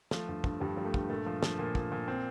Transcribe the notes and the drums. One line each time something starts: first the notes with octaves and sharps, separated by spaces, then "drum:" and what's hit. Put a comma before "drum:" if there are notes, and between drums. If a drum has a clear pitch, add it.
F3 A3, drum: snare
G2
G2, drum: kick
G2 G3
F3 G3
A3
G2, drum: kick
A#2 A3
F3
F3, drum: snare
A#2
A#2, drum: kick
A#2
C4